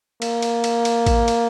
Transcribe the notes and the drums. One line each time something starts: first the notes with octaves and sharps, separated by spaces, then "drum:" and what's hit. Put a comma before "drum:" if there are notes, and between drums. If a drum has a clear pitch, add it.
A#3, drum: cymbal
drum: cymbal
drum: cymbal
drum: cymbal
drum: kick A1, cymbal
drum: cymbal